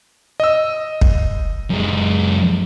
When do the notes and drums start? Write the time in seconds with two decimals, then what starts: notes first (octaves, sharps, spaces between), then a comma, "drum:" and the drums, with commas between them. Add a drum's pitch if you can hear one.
0.40 D#5 E6
1.01 drum: kick
1.70 F#2 G#3